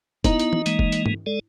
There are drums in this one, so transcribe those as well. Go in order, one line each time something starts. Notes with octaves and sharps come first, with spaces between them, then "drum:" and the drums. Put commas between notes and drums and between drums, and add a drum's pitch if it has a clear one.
B3 D#4 E4, drum: kick F1, hi-hat
drum: hi-hat
drum: tom E3
E3 G#3 A#3, drum: hi-hat
drum: kick F1
drum: hi-hat
drum: tom G#2
G#3 A4 D5